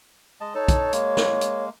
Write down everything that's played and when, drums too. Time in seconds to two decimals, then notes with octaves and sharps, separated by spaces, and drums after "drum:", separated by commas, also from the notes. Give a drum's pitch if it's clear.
0.41 G#3 D#5 A5
0.55 D#4 A4 C#5 A5
0.68 drum: kick, hi-hat
0.93 G#3 A#3, drum: hi-hat
1.17 drum: snare
1.41 drum: hi-hat